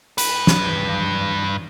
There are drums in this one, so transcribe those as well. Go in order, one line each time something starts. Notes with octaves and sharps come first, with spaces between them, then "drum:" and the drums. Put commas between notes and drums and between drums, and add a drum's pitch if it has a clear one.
G2 B4, drum: hi-hat
drum: snare